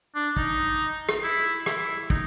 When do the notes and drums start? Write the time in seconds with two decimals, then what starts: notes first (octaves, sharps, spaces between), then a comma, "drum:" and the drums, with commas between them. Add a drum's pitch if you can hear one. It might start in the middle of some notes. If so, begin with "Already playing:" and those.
0.15 D4
0.37 D#4, drum: kick
1.09 drum: rim click
1.23 E4
1.66 E4, drum: rim click
2.10 D#4, drum: kick